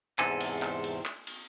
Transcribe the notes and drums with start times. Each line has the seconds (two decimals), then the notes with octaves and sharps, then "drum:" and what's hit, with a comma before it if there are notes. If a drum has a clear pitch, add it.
0.19 E2 G#2 C3 C4 A4 G#5, drum: clap
0.40 drum: cymbal
0.62 drum: clap
0.84 drum: cymbal
1.05 drum: clap
1.27 drum: cymbal